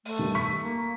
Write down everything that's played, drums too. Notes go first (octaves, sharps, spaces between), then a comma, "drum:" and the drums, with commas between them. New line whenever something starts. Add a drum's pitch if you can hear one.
A3, drum: open hi-hat
G2 D#3
C#6 B6
A#3